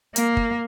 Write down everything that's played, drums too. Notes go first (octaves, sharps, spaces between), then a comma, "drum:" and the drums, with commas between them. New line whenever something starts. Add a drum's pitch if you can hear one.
A#3, drum: hi-hat
drum: kick